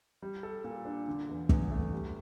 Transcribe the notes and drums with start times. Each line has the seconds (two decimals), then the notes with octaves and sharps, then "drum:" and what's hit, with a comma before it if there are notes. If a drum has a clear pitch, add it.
0.22 G3
0.43 A4
0.64 A#2
0.85 D4
1.08 D3
1.29 E2
1.49 E2, drum: kick
1.71 A3
1.93 G3